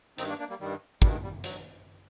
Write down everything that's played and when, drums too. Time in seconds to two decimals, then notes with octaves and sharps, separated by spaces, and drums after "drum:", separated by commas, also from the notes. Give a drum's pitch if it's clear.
0.18 G2 D#3 C4 D#4, drum: hi-hat
0.29 A#3 D4
0.39 A#3 D4
0.49 G3 A#3
0.60 G2 D#3 G3
1.02 G2 D#3 G3, drum: kick
1.23 G3
1.44 F#3, drum: hi-hat